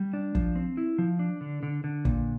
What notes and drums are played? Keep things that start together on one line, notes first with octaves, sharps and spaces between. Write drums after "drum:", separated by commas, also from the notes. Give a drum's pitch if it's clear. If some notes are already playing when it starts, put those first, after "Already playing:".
Already playing: G3
D4
F3, drum: kick
C4
E4
F3
D4
D3
D3
D3
A#2, drum: kick